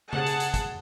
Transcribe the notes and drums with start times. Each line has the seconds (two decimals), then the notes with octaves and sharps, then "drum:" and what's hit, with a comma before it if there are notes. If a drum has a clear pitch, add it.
0.13 G#4 F#5 A5, drum: tom C#3
0.26 drum: hi-hat
0.40 drum: hi-hat
0.54 drum: kick, hi-hat